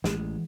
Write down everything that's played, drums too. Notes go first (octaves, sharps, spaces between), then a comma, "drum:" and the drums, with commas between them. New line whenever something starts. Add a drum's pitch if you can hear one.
A1 E3 G#3, drum: snare